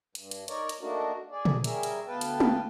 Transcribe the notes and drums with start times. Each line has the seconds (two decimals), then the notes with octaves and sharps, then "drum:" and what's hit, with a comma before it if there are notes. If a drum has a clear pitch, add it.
0.15 G2, drum: hi-hat
0.31 drum: hi-hat
0.48 D#4 A#4 C#5 D5, drum: hi-hat
0.69 drum: hi-hat
0.81 A3 A#3 D4 D#4 F#4 A#4
1.31 G#4 D5
1.45 drum: tom
1.64 G3 C#4 G#4 A#4 E5, drum: hi-hat
1.83 drum: hi-hat
2.07 D2 B3 B4 F5 G5 A5
2.21 drum: hi-hat
2.40 drum: tom